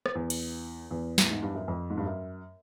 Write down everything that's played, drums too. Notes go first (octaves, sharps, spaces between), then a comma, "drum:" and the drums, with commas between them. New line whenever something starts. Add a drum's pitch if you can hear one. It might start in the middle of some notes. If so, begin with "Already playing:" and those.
drum: rim click
E2
drum: cymbal
E2
A2, drum: snare
G#2
G2
F#2
F2
G#2
G2
F#2